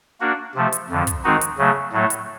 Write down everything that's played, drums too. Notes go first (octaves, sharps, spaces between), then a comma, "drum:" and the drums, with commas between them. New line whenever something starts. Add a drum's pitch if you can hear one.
A#3 D4 F#4
C3 F3 A3
drum: hi-hat
F2 D3 F3
drum: kick, hi-hat
D#3 G#3 C4 D#4 F#4
drum: hi-hat
C#3 F#3 A3
A2 F#3 A3
drum: hi-hat